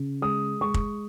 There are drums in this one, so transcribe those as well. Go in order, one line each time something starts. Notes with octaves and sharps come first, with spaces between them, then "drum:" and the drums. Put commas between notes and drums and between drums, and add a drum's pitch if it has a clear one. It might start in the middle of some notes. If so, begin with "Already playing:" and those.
Already playing: C#3
G#3 D#6
G#3 C#6
drum: kick